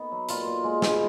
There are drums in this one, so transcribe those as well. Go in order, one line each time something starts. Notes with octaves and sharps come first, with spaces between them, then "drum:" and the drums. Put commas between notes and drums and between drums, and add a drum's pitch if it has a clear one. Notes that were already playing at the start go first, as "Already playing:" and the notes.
Already playing: B3 D#4
F#3
A#2 F4, drum: hi-hat
A#2
G#3
B2, drum: snare